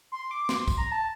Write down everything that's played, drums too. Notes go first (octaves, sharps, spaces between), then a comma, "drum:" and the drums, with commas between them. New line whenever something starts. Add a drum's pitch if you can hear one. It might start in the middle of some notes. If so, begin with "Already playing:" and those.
C6
D6
C6, drum: snare
drum: kick, tambourine
A#5
A5